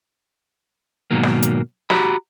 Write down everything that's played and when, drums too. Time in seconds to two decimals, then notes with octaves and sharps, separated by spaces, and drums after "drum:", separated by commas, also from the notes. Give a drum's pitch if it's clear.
1.11 G#2 B2 D#3 F#3 A#3
1.23 drum: snare
1.42 drum: hi-hat
1.90 F#4 G4 A#5 B5, drum: snare